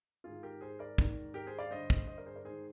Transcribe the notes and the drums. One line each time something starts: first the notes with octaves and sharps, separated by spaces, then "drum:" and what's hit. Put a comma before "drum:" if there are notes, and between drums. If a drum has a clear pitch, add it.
G#2 D#3 F4 G#4
G4 A#4
G#4 C5
A#4 D5
G#2 D#3, drum: kick
G4 A#4
G#4 C5
D5 F5
G2 D3 C5 D#5
drum: kick
C5 D#5
A#4 D5
G#4 C5
A#4 D5
G#2 D#3 G#4 C5